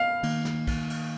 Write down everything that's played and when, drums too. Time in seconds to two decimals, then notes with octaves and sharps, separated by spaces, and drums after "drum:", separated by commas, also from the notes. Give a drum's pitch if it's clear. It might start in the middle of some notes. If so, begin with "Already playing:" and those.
Already playing: F5
0.23 D#3 A#3, drum: cymbal
0.45 drum: snare
0.67 drum: kick, cymbal
0.90 drum: cymbal